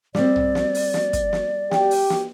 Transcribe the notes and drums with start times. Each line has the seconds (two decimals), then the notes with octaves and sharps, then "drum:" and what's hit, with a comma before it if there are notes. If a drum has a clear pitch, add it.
0.15 G3 C4 D5, drum: snare
0.36 drum: tom B1
0.55 drum: snare
0.75 drum: open hi-hat
0.94 drum: snare
1.13 drum: kick, hi-hat
1.33 drum: snare
1.71 G4 G5, drum: snare
1.91 drum: open hi-hat
2.10 drum: snare